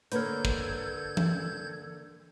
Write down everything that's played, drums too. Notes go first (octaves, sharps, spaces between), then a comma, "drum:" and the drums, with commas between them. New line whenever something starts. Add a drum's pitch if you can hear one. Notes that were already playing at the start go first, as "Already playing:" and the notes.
D3 A#3 A4 B4 C#5 F6 G6 G#6, drum: hi-hat
drum: kick
drum: tom E3